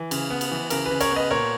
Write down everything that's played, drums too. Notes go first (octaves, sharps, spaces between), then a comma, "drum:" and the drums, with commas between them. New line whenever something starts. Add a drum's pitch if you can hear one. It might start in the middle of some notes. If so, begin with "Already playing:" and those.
Already playing: E3
C#3, drum: cymbal
B3
drum: cymbal
E3
C#3 A#4, drum: cymbal
C#3 B4
A#4 C#5, drum: cymbal
B3
B4 D#5
A#2 A#4 C#5